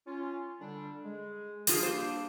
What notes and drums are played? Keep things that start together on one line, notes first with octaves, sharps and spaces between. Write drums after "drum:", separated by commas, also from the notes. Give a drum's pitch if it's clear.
C#4 F4
D3 G3 D4
G#3
F3 F4 G#4, drum: open hi-hat
G3 A#3 D4 G4 C5